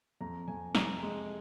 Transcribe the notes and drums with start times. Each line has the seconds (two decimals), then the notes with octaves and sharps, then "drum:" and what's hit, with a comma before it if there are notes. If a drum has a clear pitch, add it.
0.21 F2 A#5
0.48 F2 G#5
0.75 C3 A#5, drum: snare
1.02 G#3